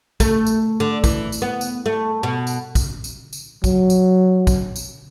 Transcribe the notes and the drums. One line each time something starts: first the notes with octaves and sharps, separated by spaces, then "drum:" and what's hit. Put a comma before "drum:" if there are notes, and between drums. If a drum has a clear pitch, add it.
A3, drum: kick, tambourine
drum: tambourine
D3
E3, drum: kick, tambourine
drum: tambourine
B3
drum: tambourine
A3
B2
drum: tambourine
drum: kick, tambourine
drum: tambourine
drum: tambourine
F#3, drum: kick, tambourine
drum: tambourine
drum: kick, tambourine
drum: tambourine